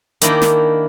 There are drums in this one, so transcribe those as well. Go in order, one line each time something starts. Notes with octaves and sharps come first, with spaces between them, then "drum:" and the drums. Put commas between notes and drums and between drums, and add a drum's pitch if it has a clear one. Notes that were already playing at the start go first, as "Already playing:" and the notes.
D#3 A#3 D4 E4 D#5 G5, drum: hi-hat
drum: snare